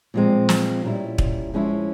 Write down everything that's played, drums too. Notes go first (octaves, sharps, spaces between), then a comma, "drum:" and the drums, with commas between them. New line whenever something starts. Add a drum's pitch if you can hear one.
A#2 F3 G#3 C4
drum: snare
A#2 G3 C#4 E4
drum: kick
F3 G#3 C#4 E4